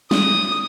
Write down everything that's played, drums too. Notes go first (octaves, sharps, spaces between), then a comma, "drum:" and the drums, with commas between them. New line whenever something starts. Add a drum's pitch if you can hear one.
D#6, drum: snare